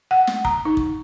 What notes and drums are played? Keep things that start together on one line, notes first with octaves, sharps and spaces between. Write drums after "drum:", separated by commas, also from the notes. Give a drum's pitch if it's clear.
F#5
drum: snare
A#5, drum: kick
D#4
drum: kick